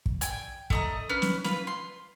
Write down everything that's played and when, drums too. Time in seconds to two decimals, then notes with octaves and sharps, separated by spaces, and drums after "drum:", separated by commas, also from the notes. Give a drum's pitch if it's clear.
0.06 drum: kick
0.21 G5 G#5, drum: hi-hat
0.70 A3 D#5 A#5, drum: kick
1.09 C#4 B4 F6
1.22 drum: snare
1.44 F4 B4, drum: snare
1.67 C6